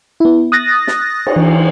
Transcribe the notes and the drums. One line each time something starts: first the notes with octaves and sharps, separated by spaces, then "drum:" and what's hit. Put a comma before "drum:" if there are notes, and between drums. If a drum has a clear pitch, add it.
B3 E4
D#6 F#6 A6 A#6
drum: snare
drum: cymbal
E3